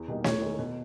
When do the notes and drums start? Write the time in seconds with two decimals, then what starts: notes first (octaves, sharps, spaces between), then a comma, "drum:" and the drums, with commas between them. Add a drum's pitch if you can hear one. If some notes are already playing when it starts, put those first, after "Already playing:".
Already playing: E2
0.08 B2 G3 A#3 D#4
0.24 E2 C#5, drum: snare
0.42 D#3 G#3
0.59 B2